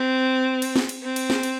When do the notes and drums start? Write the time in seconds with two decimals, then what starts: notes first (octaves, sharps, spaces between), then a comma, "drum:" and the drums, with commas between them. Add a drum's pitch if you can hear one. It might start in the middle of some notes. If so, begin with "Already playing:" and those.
Already playing: C4
0.62 drum: cymbal
0.76 drum: snare
0.89 drum: cymbal
1.03 C4
1.16 drum: cymbal
1.30 drum: snare
1.43 drum: cymbal